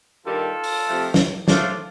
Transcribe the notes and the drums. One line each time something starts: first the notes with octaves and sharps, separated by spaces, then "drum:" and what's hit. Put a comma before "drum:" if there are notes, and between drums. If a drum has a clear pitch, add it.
G2 D#3 G3 F4 A4
drum: open hi-hat
C3 F3 A3
drum: snare
A2 F3 A3 D4 F4, drum: snare